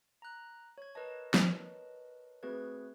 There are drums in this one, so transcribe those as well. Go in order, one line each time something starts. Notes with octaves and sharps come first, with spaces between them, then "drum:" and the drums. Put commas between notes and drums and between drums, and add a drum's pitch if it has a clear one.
A#5 F#6
C#5 G#6
A#4 B4 C#5 D#5 A5
drum: snare
A3 C4 F#4 G#4 B4 G#6